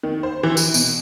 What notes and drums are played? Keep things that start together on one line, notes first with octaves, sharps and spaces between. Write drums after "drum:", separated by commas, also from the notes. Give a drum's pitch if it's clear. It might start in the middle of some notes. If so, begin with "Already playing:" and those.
D#3
C5
E3
E3, drum: tambourine
B2, drum: tambourine